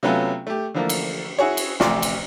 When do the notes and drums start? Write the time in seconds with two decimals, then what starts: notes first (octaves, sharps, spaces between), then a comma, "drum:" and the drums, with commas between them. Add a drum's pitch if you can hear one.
0.03 C3 F#3 A3 B3 C#4 F4
0.47 A3 G4
0.74 D3 E3 F3 A3 A#3
0.89 drum: cymbal
1.39 E4 F#4 G#4 C#5
1.57 drum: cymbal
1.80 A1 D2 C3 F3 D5 C6, drum: snare
2.02 drum: cymbal